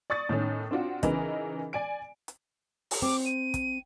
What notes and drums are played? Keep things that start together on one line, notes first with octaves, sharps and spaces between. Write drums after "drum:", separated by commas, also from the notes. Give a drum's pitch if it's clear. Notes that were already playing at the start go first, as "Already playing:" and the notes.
D5 C#6 D#6 A6
A2 D#3 C#4
C4 D4 F4 F#4
C#3 E3 D#4 A#4 B4, drum: kick, hi-hat
D5 G#5 D7
drum: hi-hat
drum: open hi-hat
C4 D6
D#7
drum: kick, hi-hat